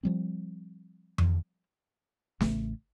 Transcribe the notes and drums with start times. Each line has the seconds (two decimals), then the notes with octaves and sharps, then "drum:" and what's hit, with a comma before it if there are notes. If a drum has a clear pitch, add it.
0.03 F3 G3 C4
1.18 drum: tom F2
2.41 A1 C#3 A3, drum: snare